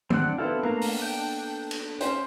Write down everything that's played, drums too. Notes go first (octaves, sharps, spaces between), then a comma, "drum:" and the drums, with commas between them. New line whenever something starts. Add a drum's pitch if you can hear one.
C4 D4 D5 F#5, drum: tom
B3 C4 E4 F4 A4
A3 A#3 F5 A#5
drum: open hi-hat
G5
drum: cymbal
C#4 C5, drum: hi-hat